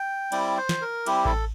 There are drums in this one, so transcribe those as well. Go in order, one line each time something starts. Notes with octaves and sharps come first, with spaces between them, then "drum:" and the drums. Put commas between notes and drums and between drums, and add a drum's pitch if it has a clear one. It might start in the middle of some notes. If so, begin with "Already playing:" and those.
Already playing: G5
G3 C4 E4 D5, drum: cymbal
C5
drum: snare
A#4
G3 C4 E4 G4, drum: cymbal
A4, drum: kick A1